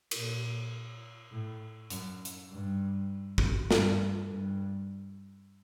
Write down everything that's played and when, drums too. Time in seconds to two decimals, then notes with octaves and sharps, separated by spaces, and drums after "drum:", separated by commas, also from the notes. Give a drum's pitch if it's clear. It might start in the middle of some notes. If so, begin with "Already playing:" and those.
0.11 A#2, drum: cymbal
1.31 A2
1.90 F#2, drum: hi-hat
2.25 drum: hi-hat
2.51 G2
3.38 drum: kick
3.71 G2, drum: snare
4.29 G2